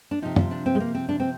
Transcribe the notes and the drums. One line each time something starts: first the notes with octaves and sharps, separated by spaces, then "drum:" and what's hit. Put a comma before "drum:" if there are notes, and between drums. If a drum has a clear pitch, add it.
D4
C3 F3 D#4
F4, drum: tom
D4
C4
G#3
A#3
C4
D4
C4